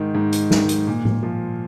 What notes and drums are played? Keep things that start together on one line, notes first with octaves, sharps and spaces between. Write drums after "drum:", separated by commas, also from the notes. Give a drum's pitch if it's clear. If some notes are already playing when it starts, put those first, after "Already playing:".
Already playing: G#2 D#3
G#2
drum: hi-hat
D#3, drum: snare
drum: hi-hat
A#2
drum: tom A2
F3